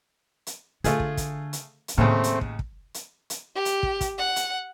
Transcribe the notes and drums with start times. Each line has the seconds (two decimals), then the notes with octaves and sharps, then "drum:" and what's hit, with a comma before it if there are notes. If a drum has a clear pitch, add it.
0.47 drum: hi-hat
0.84 D3 A3 F4 G#4, drum: hi-hat
1.00 drum: kick
1.17 drum: kick, hi-hat
1.53 drum: hi-hat
1.88 drum: hi-hat
1.98 D#2 A2 C#3 A3 C4
2.24 drum: hi-hat
2.41 drum: kick
2.59 drum: kick
2.94 drum: hi-hat
3.30 drum: hi-hat
3.55 G4
3.65 drum: hi-hat
3.83 drum: kick
4.01 drum: kick, hi-hat
4.18 F#5
4.36 drum: hi-hat